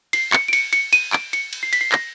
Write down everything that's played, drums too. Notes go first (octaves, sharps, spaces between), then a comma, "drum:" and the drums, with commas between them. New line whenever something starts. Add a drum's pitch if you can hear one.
C7, drum: cymbal
C#7, drum: clap
D7
C#7, drum: cymbal
C#7, drum: cymbal
D#7, drum: cymbal
D7, drum: clap
C#7, drum: cymbal
drum: cymbal
C7
B6, drum: cymbal
C7
A#6, drum: clap